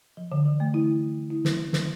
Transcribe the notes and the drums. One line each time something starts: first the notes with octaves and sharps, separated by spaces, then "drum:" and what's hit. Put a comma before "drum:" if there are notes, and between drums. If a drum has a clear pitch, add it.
F3
D3
E3
A3
E4
E4
drum: snare
drum: snare